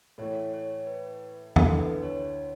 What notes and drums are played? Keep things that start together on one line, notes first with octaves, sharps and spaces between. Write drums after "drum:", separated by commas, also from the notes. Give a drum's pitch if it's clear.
A2 E3 A3 C#5
C#5
B4
D2 D3 A3 E4 A4, drum: tom E2
B4
C#5